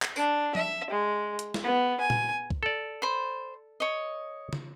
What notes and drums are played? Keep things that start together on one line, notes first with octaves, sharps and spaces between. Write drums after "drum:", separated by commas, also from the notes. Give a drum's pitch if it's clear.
drum: clap
D4, drum: tambourine
E5, drum: tom
G#3
drum: hi-hat
drum: snare
B3
G#5
drum: tom A#2
drum: kick
A4 D5
C5 B5
C#5 D#5
drum: tom